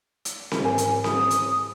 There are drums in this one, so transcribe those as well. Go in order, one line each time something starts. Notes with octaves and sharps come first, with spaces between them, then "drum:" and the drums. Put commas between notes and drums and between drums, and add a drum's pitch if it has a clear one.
drum: hi-hat
drum: snare C4
G#2 A#4 G#5
drum: hi-hat
D#6, drum: snare C4
drum: hi-hat